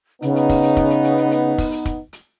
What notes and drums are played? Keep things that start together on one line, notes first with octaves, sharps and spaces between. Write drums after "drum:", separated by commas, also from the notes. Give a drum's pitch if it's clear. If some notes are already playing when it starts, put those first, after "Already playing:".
C#3 B3 D#4, drum: hi-hat
drum: hi-hat
drum: kick, open hi-hat
drum: hi-hat
drum: kick, hi-hat
drum: hi-hat
drum: hi-hat
drum: hi-hat
drum: hi-hat
drum: kick, open hi-hat
drum: hi-hat
drum: kick, hi-hat
drum: hi-hat